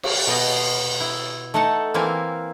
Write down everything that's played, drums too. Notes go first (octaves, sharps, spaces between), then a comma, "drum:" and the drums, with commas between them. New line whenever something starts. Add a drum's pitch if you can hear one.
drum: cymbal
B2 B3 D#5
E4
A3 D#4 A4 F#5 A5
E3 A#3 C4 E4 F5 G#5